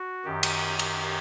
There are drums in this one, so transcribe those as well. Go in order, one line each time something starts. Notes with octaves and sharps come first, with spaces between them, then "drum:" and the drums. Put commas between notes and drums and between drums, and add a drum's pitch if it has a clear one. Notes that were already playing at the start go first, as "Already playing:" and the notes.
Already playing: F#4
F#2 D#3 G4
drum: cymbal
G4, drum: cymbal